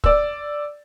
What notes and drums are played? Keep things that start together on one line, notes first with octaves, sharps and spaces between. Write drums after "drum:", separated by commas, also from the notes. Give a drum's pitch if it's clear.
D5 E6, drum: kick